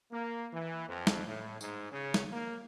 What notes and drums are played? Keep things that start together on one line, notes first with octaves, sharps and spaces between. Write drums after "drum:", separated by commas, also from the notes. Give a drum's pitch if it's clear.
A#3
E3
F2
drum: snare
A2
G#2, drum: tambourine
C#3
drum: snare
A#3